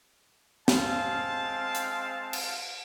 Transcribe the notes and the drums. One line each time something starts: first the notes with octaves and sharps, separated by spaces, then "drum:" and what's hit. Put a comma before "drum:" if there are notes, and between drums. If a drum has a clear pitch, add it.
G#3 C4 F5 A5, drum: snare
drum: hi-hat
drum: cymbal